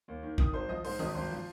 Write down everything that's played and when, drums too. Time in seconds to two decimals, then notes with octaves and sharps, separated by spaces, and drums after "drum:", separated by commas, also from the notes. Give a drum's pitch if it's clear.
0.08 D#2
0.23 D#3
0.38 D#3 D#6, drum: kick G#1
0.53 G#1 C5 C6
0.69 F3 D#5 D#6
0.84 G#2 C5 C6, drum: open hi-hat
0.99 G#1 D#5 D#6, drum: tom D#3
1.15 G#1 C5 C6
1.31 F3